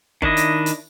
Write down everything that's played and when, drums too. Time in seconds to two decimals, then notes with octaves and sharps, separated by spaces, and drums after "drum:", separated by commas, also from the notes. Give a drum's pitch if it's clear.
0.22 D#3 D4 E4 D#5, drum: kick
0.37 drum: hi-hat
0.66 drum: hi-hat